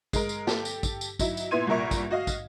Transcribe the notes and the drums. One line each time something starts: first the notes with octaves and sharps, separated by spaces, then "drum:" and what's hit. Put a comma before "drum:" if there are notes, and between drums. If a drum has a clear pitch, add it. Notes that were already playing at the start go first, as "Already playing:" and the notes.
G#3 A#4, drum: kick, tambourine
drum: tambourine
G4 A4, drum: snare
drum: tambourine
drum: kick, tambourine
drum: tambourine
F#3 D#4 E4, drum: kick, tambourine
drum: tambourine
A#2 B3 E4 C6 G#6 D#7
C2 G2 A#2 A#4 E5 C#6
drum: kick, tambourine
F#4 D#5 F5
drum: kick, tambourine